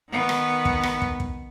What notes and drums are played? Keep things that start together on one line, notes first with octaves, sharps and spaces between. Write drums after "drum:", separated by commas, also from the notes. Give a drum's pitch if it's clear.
D#3 B3
drum: rim click
drum: kick
drum: rim click
drum: kick
drum: kick